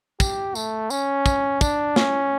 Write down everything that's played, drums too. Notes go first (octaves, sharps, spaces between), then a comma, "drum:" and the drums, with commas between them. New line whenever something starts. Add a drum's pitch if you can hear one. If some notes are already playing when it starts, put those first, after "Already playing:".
G4, drum: kick, tambourine
A3, drum: tambourine
C#4, drum: tambourine
drum: kick, tambourine
D4, drum: kick, tambourine
C#4, drum: snare